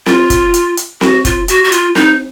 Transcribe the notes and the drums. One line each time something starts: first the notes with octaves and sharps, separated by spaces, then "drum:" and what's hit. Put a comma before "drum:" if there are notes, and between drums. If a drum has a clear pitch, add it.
F4, drum: snare C4
drum: kick, hi-hat
drum: hi-hat
drum: hi-hat
F#4, drum: snare C4
F4, drum: kick, hi-hat
F#4, drum: hi-hat
F#4
F4, drum: hi-hat
D#4, drum: snare C4